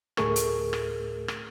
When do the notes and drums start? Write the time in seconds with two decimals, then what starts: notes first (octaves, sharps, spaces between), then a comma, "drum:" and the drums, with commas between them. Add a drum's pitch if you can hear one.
0.17 D2 A2 A3 G#4 A#4 C#6, drum: rim click
0.36 drum: hi-hat
0.73 drum: rim click
1.28 drum: rim click